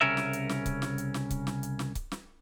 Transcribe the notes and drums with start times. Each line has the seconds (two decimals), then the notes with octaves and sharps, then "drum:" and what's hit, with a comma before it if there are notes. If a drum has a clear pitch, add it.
0.01 C2 C#3 C#4 A#4 E5
0.17 drum: snare
0.33 drum: hi-hat
0.49 drum: snare
0.66 drum: kick C#1, hi-hat
0.82 drum: snare
0.98 drum: hi-hat
1.14 drum: snare
1.30 drum: kick C#1, hi-hat
1.47 drum: snare
1.63 drum: hi-hat
1.79 drum: snare
1.95 drum: kick C#1, hi-hat
2.12 drum: snare